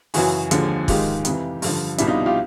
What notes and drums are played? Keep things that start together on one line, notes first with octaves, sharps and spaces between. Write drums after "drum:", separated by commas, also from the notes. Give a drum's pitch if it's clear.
F#2 C#3 E3 F#4 G#4, drum: open hi-hat
D#2 D3 F3 G#3, drum: hi-hat
G#2 D#3 G#3 F4 G4, drum: kick, open hi-hat
F2 C3 E3, drum: hi-hat
G2 D3 F3, drum: open hi-hat
C2 B2 G3 D4 E4, drum: hi-hat
D#4 F4
F4 G4